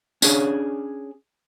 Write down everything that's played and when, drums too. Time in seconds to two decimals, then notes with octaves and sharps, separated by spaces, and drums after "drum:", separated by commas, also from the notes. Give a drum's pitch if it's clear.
0.22 C#4 D4 G#4 C#5, drum: tambourine